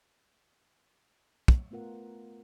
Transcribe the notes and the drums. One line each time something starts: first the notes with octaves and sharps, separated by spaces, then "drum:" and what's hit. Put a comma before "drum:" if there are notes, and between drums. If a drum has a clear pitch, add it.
drum: kick
A3 B3 F4 A#4 F#5